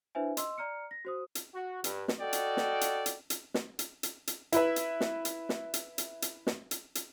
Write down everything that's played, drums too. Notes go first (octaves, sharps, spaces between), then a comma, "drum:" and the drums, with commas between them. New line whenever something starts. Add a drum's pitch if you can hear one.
D4 E4 B4 C5 E5 G#5
D#5 C6 E6, drum: hi-hat
D5 A#5 F6 C#7
A#6
F#4 C5 D#6
drum: hi-hat
F#4
G2, drum: hi-hat
drum: snare
F#4 A4 D5 D#5 G5
drum: hi-hat
drum: snare
drum: hi-hat
drum: hi-hat
drum: hi-hat
drum: snare
drum: hi-hat
drum: hi-hat
drum: hi-hat
E4 B4 E5, drum: hi-hat
drum: hi-hat
drum: snare
drum: hi-hat
drum: snare
drum: hi-hat
drum: hi-hat
drum: hi-hat
drum: snare
drum: hi-hat
drum: hi-hat